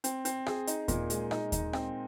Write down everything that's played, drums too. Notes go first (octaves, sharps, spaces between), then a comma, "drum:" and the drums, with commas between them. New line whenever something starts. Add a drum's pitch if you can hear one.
C4, drum: hi-hat
C4, drum: hi-hat
G#4, drum: rim click
D#4, drum: hi-hat
A#2, drum: kick D#2, hi-hat
G#3, drum: hi-hat
D#4, drum: rim click
D#4, drum: kick D#2, hi-hat
C4, drum: rim click